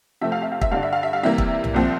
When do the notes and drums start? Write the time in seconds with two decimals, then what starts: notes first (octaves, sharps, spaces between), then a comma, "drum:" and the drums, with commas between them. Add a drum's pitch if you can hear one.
0.21 C3 F3 A3 C4 E5
0.32 F5
0.42 E5
0.52 F5
0.61 E5, drum: kick
0.72 G2 D3 G3 D4 F5
0.83 E5
0.93 F5
1.03 E5
1.13 F5
1.23 C3 E3 G3 A#3 E5
1.38 drum: kick
1.64 drum: tom B1
1.74 C2 A#2 F3 C4